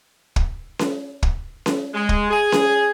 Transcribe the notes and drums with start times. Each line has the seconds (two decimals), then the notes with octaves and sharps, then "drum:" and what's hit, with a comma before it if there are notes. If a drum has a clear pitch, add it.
0.36 drum: kick
0.79 drum: snare C#4
1.23 drum: kick
1.66 drum: snare C#4
1.94 G#3
2.09 drum: kick
2.31 G#4
2.52 drum: snare C#4